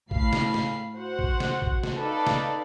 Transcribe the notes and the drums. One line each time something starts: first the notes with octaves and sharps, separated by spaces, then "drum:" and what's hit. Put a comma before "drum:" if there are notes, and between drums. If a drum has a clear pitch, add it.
A2 F5 B5 C7, drum: kick
drum: snare
drum: snare
F#4 C5 F#5
drum: kick
drum: snare
drum: kick
drum: snare
D#4 A4 B4 D5 F5
drum: snare